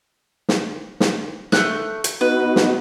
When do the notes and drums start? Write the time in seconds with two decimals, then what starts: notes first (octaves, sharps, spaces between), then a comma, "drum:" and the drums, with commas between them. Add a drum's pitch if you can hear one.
0.49 drum: snare
1.00 drum: snare
1.52 A3 F#6, drum: snare
2.04 drum: hi-hat
2.21 B3 D#4 F#4 B4
2.56 drum: snare